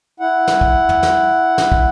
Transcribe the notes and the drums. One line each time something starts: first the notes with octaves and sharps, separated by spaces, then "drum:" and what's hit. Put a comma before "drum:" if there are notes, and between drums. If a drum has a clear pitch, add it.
E4 F#5
drum: snare
drum: kick
drum: tom
drum: snare
drum: snare
drum: kick